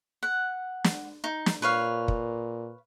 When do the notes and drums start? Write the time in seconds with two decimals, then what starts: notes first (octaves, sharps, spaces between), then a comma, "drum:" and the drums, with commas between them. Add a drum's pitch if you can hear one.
0.23 F#5
0.84 drum: snare
1.24 D#4
1.46 drum: snare
1.62 A#2 B4 C#5 F5
2.08 drum: kick